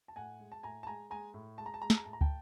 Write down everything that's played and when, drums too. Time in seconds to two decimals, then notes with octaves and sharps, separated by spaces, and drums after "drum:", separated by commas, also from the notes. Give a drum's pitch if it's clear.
0.08 A5
0.16 A2 F#5 G#5
0.39 G#3
0.52 A5
0.63 A2 G#5 A#5
0.83 A5
0.87 G#3 G#5 A#5
1.10 G#3 G#5 A#5
1.34 A2
1.58 G#3 A5
1.66 A#5
1.74 A5
1.82 G#3 A#5
1.90 A5, drum: snare
1.97 A#5
2.05 A2 A5
2.13 A#5
2.21 G5 A5, drum: kick